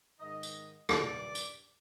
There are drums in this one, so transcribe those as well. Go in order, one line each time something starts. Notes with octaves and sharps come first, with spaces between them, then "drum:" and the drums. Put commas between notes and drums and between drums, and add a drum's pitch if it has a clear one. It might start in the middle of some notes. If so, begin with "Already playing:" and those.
G#2 D#3 D#5
drum: tambourine
G2 D#3 D5, drum: rim click
drum: tambourine